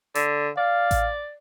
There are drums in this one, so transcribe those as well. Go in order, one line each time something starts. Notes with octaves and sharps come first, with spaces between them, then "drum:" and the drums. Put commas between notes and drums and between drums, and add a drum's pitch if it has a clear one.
D3, drum: hi-hat
D5 F5
drum: kick A1, hi-hat